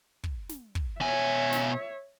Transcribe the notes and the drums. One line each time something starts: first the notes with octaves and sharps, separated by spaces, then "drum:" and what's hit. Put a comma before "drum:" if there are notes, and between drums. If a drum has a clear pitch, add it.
drum: kick
drum: snare
drum: kick
B2 C#5 E5 G#5
drum: snare